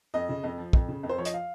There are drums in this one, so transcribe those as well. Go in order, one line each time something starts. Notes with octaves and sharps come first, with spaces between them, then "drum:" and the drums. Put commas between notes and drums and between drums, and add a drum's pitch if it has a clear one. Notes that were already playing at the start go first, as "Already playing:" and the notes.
F2 D#5
C#3
F2
F3
F2, drum: kick
C#3
F2
C5
F3 C#5
D#5, drum: hi-hat
F5